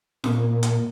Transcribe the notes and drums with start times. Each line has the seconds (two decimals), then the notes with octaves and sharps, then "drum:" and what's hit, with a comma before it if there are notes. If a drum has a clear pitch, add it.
0.24 A#2, drum: snare
0.63 drum: hi-hat